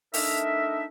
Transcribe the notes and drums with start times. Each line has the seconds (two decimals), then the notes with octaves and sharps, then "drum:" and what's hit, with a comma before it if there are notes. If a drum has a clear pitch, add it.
0.14 A3 D4 D#4 A#4 D#5 E5, drum: open hi-hat